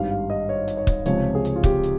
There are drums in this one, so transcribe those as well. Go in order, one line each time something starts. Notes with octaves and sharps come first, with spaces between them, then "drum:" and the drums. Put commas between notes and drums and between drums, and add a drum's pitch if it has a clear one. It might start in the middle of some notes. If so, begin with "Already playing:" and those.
Already playing: G#1 G2 G3 F5
F5
D#5
C#5
drum: hi-hat
C#5
drum: kick, hi-hat
C#2 C3 F3 G#3 C#5, drum: hi-hat
G#4
drum: hi-hat
F4
G4, drum: kick, hi-hat
drum: hi-hat